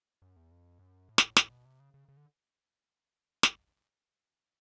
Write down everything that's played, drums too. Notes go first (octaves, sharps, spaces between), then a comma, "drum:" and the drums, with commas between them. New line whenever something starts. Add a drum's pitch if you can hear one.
F#2
E2
F2
F#2
A2
drum: snare
A2, drum: snare
B2
C3
C#3
C#3
C#3
D3
drum: snare